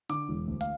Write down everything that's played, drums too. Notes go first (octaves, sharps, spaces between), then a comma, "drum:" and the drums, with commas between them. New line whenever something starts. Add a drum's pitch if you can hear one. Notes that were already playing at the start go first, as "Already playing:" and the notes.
D3 D6, drum: hi-hat
E1
D2
F5, drum: hi-hat